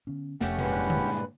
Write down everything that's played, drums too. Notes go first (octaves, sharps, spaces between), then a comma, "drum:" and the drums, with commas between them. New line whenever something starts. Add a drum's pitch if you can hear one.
D3 B3 C#4
F1 F2 A3 C#4 G4 F#5, drum: snare
G2 A#2 G#3 B4, drum: tom C3
drum: tom D3